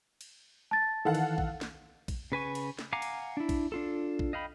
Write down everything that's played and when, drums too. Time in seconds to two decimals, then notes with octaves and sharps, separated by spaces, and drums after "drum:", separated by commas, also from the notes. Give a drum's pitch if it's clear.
0.21 drum: cymbal
0.71 A5 A6
1.05 D#3 E3 A4 F5 F#5
1.14 drum: cymbal
1.38 drum: kick A#1
1.61 drum: snare
2.08 drum: kick A#1, cymbal
2.32 C#3 B4 G#5 C#6
2.55 drum: cymbal
2.79 drum: snare
2.93 F5 F#5 G#5 A#5 D6
3.02 drum: cymbal
3.37 D4 E4
3.49 drum: kick A#1, cymbal
3.72 D4 F4 A4
4.19 drum: kick A#1
4.33 D#5 F5 G5 B5